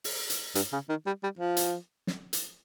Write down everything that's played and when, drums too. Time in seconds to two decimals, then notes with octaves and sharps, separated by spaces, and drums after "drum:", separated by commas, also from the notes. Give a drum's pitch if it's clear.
0.04 drum: open hi-hat
0.30 drum: hi-hat
0.55 G2, drum: hi-hat
0.73 C#3
0.89 D#3
1.06 G3
1.23 G3
1.39 F3
1.57 drum: hi-hat
2.07 drum: snare
2.33 drum: hi-hat